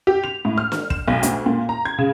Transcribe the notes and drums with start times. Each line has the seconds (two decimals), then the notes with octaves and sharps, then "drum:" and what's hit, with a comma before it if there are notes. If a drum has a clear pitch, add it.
0.07 G4
0.24 F7
0.45 A2
0.58 F6
0.72 drum: snare
0.90 E7, drum: kick
1.08 B1
1.23 D2, drum: hi-hat
1.46 A#2
1.69 A#5
1.85 G#6
1.98 C#3